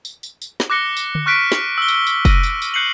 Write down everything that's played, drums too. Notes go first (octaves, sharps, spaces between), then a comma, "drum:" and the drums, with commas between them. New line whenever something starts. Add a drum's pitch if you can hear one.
drum: tambourine
drum: tambourine
drum: tambourine
drum: snare
D6 F#6 A#6 C#7 G7
drum: tambourine
drum: tom D3
C#6 F6 F#6 A#6 B6 D7
drum: snare
E6 G7
drum: tambourine
drum: tambourine
E6 A#6 D#7, drum: kick, tambourine
drum: tambourine
drum: tambourine
F#6 G6 C7 C#7 D#7 F#7